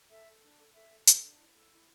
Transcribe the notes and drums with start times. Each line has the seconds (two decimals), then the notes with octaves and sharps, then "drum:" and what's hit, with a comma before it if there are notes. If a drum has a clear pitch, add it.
0.09 A4 E5
0.26 A4
0.42 D4
0.59 A4
0.74 A4 E5
0.90 A4
1.07 A4, drum: hi-hat
1.23 D4
1.38 E4
1.55 A4
1.71 E4